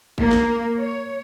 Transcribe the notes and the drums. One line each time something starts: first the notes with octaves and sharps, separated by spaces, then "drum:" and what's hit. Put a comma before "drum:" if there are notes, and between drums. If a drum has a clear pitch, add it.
A#3, drum: kick A1
drum: snare
C#5